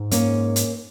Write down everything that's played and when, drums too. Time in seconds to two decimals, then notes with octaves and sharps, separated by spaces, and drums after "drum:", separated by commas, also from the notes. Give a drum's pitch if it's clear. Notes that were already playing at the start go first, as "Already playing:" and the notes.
Already playing: G#2
0.11 A#3 C#4, drum: hi-hat
0.56 drum: hi-hat